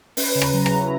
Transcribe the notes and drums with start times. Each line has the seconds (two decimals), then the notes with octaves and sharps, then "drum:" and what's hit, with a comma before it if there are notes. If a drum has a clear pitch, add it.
0.17 C#4 B4, drum: open hi-hat
0.35 C#3
0.42 A#5, drum: rim click
0.53 F#3
0.66 A#5, drum: rim click
0.71 E4
0.82 A#5